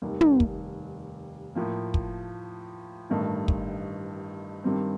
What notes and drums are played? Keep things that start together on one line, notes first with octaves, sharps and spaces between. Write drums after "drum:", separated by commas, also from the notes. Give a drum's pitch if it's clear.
F1 D#2 D#3 G3
drum: tom
drum: kick
A2 F3 A#3
drum: kick
A1 G2 D#3 A3
drum: kick
G2 D#3 G3 C4